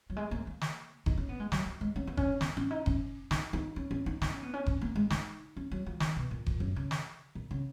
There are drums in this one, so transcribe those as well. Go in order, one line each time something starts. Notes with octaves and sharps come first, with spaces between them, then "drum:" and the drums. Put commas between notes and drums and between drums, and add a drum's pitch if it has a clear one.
F#3
G#3
A#3
A#3
drum: snare
D#4, drum: kick F#1
C#4
B3
G#3
F#3, drum: snare
F3
G#3
C#4
B3
C#4, drum: kick F#1
B3, drum: snare
C#4
D#4
C#4, drum: kick F#1
D#4, drum: snare
D#4
C#4
C#4
D#4
D#4, drum: snare
C#4
B3
C#4
C#4, drum: kick F#1
A#3
G#3
D#4, drum: snare
C#4
F#3
F3
D#3, drum: snare
B2
A#2
A#2, drum: kick F#1
F#2
C#3
drum: snare
A#2
C#3